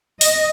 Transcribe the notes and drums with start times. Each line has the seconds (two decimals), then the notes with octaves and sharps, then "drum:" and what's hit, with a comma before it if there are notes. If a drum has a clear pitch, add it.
0.21 D#5, drum: open hi-hat